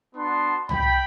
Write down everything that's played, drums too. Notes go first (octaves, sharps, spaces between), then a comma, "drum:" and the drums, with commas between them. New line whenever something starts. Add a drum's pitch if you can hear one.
B3 D4 F#4 A5 C6
G5 B5, drum: tom C2